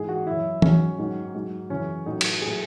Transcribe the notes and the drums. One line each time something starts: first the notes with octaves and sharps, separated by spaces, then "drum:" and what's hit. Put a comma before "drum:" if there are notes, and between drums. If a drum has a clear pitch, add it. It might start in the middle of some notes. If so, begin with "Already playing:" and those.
Already playing: G#2 E3 G#4
F#4
F#2 E3 E4
G#2 F#3 C#4, drum: tom E3
G#2 D#3 F#3
G#2 F#3
F#2 C#3 E3 C#4
A2 F#3 D#4
drum: cymbal
A2 F#3 G#4